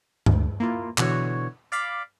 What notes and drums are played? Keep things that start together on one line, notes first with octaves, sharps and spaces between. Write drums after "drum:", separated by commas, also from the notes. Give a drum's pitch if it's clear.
D2, drum: tom G2
A#3 E4 F4
B2 D3 E3 F#4 C#5, drum: clap
D5 F5 B5 D6